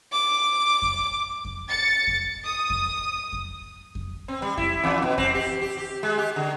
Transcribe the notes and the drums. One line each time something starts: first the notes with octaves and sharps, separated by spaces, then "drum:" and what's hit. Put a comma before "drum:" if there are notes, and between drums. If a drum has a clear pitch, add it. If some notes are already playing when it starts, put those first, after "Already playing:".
D6
drum: kick F2
drum: kick F2
A6 C#7
drum: kick F2
D#6
drum: kick F2
drum: kick F2
drum: kick F2
C4
G3
E4, drum: kick F2
E2
B2
C4, drum: kick F2
G4
G4
G4
G#3
G4
D3